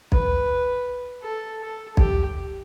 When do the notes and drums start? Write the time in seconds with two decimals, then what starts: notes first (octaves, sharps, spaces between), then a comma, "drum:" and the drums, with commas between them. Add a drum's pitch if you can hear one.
0.12 B4, drum: kick B1
1.23 A4
1.61 A4
1.97 G4, drum: kick B1